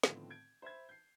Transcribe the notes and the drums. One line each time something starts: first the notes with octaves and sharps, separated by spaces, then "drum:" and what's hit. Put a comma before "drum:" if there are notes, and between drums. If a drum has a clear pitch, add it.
A2 D3 D#3 F3 B3 C4, drum: snare
G6 G#6 D7
C5 E5 B5 G#6
G6 C7